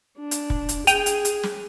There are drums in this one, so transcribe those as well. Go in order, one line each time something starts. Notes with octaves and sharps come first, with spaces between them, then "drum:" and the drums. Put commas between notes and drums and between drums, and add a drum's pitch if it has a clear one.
D4
drum: hi-hat
drum: kick
drum: hi-hat
G#4 G5 D#7 F7, drum: hi-hat
drum: hi-hat
drum: hi-hat
drum: snare